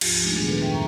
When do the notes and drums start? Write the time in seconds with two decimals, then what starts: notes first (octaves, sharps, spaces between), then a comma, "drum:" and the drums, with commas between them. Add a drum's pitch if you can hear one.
0.01 D2 G#2 F3 F4 G4, drum: cymbal
0.22 G#3 A3 D4 D#4
0.35 A#2 D#3 F#3 B3 D4 G#4
0.48 G#4 A4 B4
0.60 F2 G#2 B4 E5 G5
0.71 G5 A#5 C#6